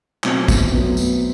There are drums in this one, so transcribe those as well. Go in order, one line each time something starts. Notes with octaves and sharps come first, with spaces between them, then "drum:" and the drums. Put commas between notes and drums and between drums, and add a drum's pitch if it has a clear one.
B2 F#3 A3 C4, drum: clap
drum: kick, tambourine
B2 F#3 A3 B3
drum: tambourine